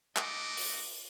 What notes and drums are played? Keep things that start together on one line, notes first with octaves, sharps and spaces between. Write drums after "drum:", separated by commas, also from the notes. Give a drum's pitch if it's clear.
A3 D#4 F#4 D#5 D6, drum: clap
drum: open hi-hat